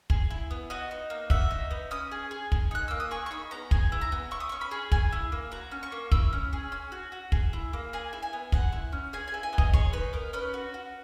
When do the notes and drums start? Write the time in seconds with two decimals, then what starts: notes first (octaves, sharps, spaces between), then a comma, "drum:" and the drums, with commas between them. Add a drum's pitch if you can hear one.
0.10 G#4, drum: kick
0.30 E4
0.51 B3
0.70 F#4 D#5
0.91 D#4
1.10 A#3
1.30 F#4 E5, drum: kick
1.51 D#4
1.71 B3
1.91 C#4 D#6
2.11 G#4
2.31 G#4
2.52 G#4, drum: kick
2.71 D#4 F#6
2.88 A#3 E6
3.00 D#6
3.11 G#4 C#6
3.26 C#6
3.31 D#4 B5
3.51 B3 A#5
3.71 G#4 G#5, drum: kick
3.92 E4
4.01 A#5
4.12 B3
4.31 E4 C#6
4.40 D#6
4.49 C#4 C#6
4.61 B5
4.71 G#4
4.92 G#4 G#5, drum: kick
5.12 E4
5.32 A#3
5.52 F#4 A#5
5.71 C#4
5.83 C#6
5.92 A#3
6.12 E4 E6, drum: kick
6.33 C#4
6.53 G#4
6.72 C#4
6.92 F#4
7.12 F#4
7.32 G#4, drum: kick
7.53 E4
7.73 A#3
7.93 G#4 G#5
8.13 E4
8.23 G#5
8.33 B3
8.52 G#4 F#5, drum: kick
8.72 E4
8.92 C#4
9.13 G#4 G#5
9.28 G#5
9.34 E4
9.43 G#5
9.53 B3
9.58 D#5, drum: kick
9.73 G#4 C#5, drum: kick
9.93 D#4 B4
10.13 B3 A#4
10.33 C#4 B4
10.54 F#4
10.74 F#4